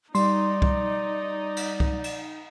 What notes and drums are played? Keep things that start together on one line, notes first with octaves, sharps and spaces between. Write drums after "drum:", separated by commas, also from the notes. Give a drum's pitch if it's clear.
G3 D#4 D5 C6, drum: cymbal
drum: kick C2
drum: cymbal
drum: kick C2
drum: cymbal